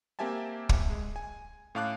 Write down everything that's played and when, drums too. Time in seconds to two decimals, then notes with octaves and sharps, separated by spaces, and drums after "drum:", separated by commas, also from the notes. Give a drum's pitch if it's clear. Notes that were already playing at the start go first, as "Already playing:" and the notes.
0.19 A#3 C4 G4 E5 G#5 A5
0.69 drum: kick
0.90 G#3
1.16 G#5
1.75 A2 C#4 F5 A5 D6 F#6